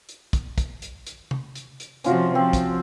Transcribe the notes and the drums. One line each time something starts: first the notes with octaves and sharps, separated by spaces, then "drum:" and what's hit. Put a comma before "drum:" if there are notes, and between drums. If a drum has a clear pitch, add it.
drum: hi-hat
drum: kick, hi-hat
drum: kick, hi-hat
drum: hi-hat
drum: hi-hat
drum: tom C3
drum: hi-hat
drum: hi-hat
C3 F3 C#4 F4 F#4, drum: hi-hat
F3 C4
drum: kick, hi-hat